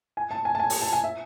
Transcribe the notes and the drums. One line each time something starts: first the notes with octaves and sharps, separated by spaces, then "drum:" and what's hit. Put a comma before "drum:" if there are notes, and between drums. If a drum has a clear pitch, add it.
G#5
A5
G#5
A5
G#5
drum: open hi-hat
A5
G#5
E5